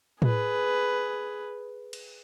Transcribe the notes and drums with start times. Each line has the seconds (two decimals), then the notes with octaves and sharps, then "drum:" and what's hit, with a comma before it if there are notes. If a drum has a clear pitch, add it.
0.22 G#4 B4, drum: tom A2
1.93 drum: cymbal